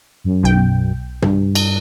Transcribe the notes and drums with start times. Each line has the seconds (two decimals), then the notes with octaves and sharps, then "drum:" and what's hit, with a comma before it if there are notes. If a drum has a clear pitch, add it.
0.24 F#2
0.43 B1 G5
1.22 G2, drum: tom
1.55 drum: cymbal